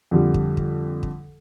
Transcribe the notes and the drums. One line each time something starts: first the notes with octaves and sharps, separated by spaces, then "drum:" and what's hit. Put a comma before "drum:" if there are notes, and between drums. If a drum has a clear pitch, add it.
F2 D3 G3
drum: kick
drum: kick
drum: kick